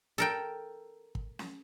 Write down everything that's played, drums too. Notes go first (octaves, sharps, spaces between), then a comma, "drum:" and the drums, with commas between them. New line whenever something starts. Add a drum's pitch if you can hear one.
A4 A#4 G5
drum: kick
drum: snare C#4